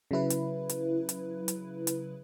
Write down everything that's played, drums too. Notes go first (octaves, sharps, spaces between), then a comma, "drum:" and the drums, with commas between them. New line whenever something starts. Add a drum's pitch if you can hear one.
C#3 F#3 E4 B4
drum: hi-hat
drum: hi-hat
drum: hi-hat
drum: hi-hat
drum: hi-hat